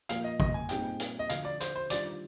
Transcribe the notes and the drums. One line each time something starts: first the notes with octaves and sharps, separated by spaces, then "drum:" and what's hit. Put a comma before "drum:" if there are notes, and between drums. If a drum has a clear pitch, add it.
A#2 F3 A#3 F5, drum: hi-hat
D#5
D#5, drum: kick
G#5
A#2 G3 C4 D#4 G#4 G5, drum: hi-hat
drum: hi-hat
D#5
D2 D3 F3 F5, drum: hi-hat
D5
C5, drum: hi-hat
C5
D#3 G3 D4 F4 D5, drum: hi-hat